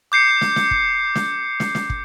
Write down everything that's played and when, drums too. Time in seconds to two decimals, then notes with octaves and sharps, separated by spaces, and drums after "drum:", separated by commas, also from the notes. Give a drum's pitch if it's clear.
0.12 D6 G6 C7 C#7
0.41 drum: snare
0.56 drum: snare
0.71 drum: kick
1.15 drum: snare
1.60 drum: snare
1.75 drum: snare
1.90 drum: kick